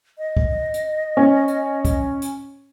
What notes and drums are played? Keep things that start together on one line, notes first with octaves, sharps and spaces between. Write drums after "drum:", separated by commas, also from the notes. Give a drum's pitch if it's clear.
D#5
drum: kick
drum: hi-hat
C#4
drum: hi-hat
drum: kick, hi-hat
drum: hi-hat